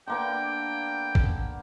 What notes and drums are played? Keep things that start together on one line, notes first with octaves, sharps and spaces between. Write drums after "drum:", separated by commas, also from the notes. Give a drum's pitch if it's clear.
D3 A#3 B3 G5
drum: kick